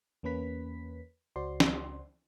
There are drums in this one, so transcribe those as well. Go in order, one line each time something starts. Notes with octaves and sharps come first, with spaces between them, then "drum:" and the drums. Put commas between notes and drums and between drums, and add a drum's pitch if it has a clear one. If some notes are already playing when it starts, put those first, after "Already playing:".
E2 A#3 C#4 B4 B6
C#2 F#4 C5 D5 C6
drum: snare